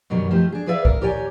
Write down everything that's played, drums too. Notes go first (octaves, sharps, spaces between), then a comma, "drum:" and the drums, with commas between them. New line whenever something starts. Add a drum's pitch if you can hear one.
F#2 B2 D#3 F#3 G3
F3 A3 D#4 G4
D4 G#4
G#4 B4 D5 E5 F5
A#4, drum: kick C2
D#2 G4 A#4 C#5 D5 G#5